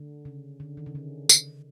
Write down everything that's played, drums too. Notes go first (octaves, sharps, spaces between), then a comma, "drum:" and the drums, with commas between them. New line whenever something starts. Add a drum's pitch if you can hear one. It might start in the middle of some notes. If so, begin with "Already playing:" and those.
Already playing: D3
C#3
D3
D#3
C#3
D3
drum: tambourine